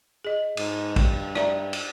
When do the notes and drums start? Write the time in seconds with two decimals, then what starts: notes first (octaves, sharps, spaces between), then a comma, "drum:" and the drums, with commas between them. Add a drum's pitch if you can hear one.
0.25 G#4 D#5
0.57 G#2, drum: cymbal
0.96 G2, drum: kick, cymbal
1.35 D5 E5 A#5, drum: rim click
1.73 drum: cymbal